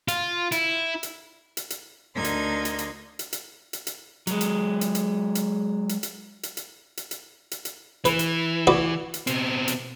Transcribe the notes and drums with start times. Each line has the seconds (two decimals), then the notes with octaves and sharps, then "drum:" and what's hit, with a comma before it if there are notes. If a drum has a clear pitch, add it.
0.08 F4, drum: hi-hat
0.52 E4, drum: hi-hat
1.03 drum: hi-hat
1.57 drum: hi-hat
1.70 drum: hi-hat
2.15 D2 D3 D#4 A#4 C6 G#6
2.24 drum: hi-hat
2.65 drum: hi-hat
2.79 drum: hi-hat
3.19 drum: hi-hat
3.33 drum: hi-hat
3.73 drum: hi-hat
3.87 drum: hi-hat
4.27 F#3 G#3, drum: hi-hat
4.41 drum: hi-hat
4.81 drum: hi-hat
4.95 drum: hi-hat
5.35 drum: hi-hat
5.89 drum: hi-hat
6.03 drum: hi-hat
6.43 drum: hi-hat
6.57 drum: hi-hat
6.97 drum: hi-hat
7.11 drum: hi-hat
7.51 drum: hi-hat
7.65 drum: hi-hat
8.05 E3 B4, drum: hi-hat
8.19 drum: hi-hat
8.67 F#4 B4 D5
9.14 drum: hi-hat
9.27 B2 C4, drum: hi-hat
9.68 drum: hi-hat